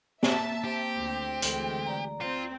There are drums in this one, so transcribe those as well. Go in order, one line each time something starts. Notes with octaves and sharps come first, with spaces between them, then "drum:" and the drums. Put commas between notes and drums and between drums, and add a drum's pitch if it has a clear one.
A#3 E5 A5, drum: snare
C4 G4
D2
D2 E3 G#3 A4 C6, drum: hi-hat
D5 A#5
C4 F4